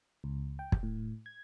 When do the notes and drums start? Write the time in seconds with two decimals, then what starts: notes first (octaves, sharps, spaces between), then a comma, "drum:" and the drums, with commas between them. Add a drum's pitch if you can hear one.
0.24 C#2
0.59 G5
0.72 drum: kick
0.83 A2
1.26 G#6